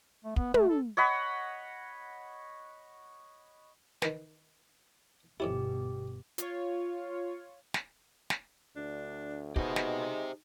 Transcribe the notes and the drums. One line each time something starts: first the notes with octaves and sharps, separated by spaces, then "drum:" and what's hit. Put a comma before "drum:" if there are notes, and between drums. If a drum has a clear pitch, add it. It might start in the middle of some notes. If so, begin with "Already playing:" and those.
A3
B3, drum: kick
A3, drum: tom
A4
C#5 D#5 F#5 B5
D#3 B4, drum: snare
G1 F2 B2 C#4 E4 G4
F4 C#5, drum: hi-hat
drum: snare
drum: snare
D2 D4
B2 G#3 D#4 G4 C5, drum: kick
drum: snare